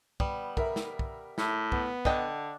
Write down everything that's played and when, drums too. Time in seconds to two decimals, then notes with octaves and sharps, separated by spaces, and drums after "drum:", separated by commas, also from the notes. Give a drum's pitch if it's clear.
0.20 G3 B3, drum: kick
0.57 A#4 E5, drum: kick
0.76 drum: snare
0.99 drum: kick
1.38 A2, drum: snare
1.72 B3, drum: kick
2.05 D3 D4 D#5 G5, drum: kick